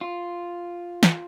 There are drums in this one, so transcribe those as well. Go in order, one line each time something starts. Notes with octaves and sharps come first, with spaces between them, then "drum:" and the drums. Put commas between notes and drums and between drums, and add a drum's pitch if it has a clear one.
F4
drum: snare